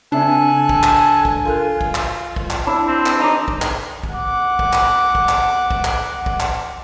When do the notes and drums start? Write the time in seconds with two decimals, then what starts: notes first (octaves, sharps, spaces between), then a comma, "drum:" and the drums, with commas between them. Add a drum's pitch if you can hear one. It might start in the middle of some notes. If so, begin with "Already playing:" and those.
0.12 C#3 C4 D4 A4 E5 G#5 A5 F#6
0.69 drum: kick
0.83 drum: clap
1.25 drum: kick
1.45 F4 A4 A#4 F#6
1.81 drum: kick
1.95 drum: clap
2.36 drum: kick
2.50 drum: clap
2.67 D4 E4
2.88 C4
3.06 drum: clap
3.20 D#4 D5 A#5
3.48 drum: kick
3.62 drum: clap
4.03 drum: kick
4.13 F#5 D6
4.59 drum: kick
4.73 drum: clap
5.15 drum: kick
5.29 drum: clap
5.71 drum: kick
5.84 drum: clap
6.26 drum: kick
6.40 drum: clap